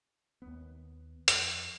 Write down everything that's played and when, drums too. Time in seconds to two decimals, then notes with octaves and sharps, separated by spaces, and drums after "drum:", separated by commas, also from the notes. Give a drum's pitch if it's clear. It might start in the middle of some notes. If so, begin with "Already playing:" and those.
0.42 D#2 B3
1.28 F2, drum: hi-hat